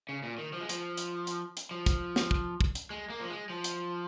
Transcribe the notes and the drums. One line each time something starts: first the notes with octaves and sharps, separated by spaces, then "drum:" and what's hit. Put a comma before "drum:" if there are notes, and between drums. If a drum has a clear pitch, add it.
C#3
A#2
D#3
F3
G#3
F3, drum: hi-hat
drum: hi-hat
drum: hi-hat
drum: hi-hat
F3
drum: kick, hi-hat
drum: snare
drum: kick
drum: kick
drum: hi-hat
G#3
A#3
F3
G#3
F3
drum: hi-hat